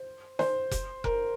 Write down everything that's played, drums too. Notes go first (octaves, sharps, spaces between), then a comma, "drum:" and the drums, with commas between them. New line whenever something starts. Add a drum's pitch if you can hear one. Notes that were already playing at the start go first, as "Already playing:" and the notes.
Already playing: C5
C5, drum: snare
drum: kick F1, hi-hat
A#4, drum: kick F1